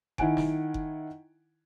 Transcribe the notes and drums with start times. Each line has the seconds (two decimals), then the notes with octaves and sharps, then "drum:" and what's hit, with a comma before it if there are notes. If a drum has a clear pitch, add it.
0.18 D#3 E4 F#5 G#5 D7, drum: kick F#1
0.37 drum: snare
0.74 drum: kick F#1